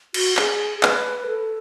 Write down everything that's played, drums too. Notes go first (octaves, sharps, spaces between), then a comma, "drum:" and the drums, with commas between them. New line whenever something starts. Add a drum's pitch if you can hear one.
F#4, drum: cymbal
G#4, drum: clap
B4, drum: clap
A4